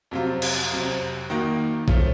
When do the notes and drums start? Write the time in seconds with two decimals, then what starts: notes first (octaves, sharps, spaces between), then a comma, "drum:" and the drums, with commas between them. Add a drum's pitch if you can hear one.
0.11 F2 C3 F#3 C4 F4
0.42 drum: cymbal
0.71 F2 C3 F#3 C4
1.30 D#3 A#3 D#4 F#4
1.88 F3 A3 C#4 F4, drum: kick A1